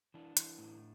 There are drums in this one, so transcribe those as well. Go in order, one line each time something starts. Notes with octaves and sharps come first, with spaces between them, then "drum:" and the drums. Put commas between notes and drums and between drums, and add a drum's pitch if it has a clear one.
E3 D4
E3, drum: hi-hat
A2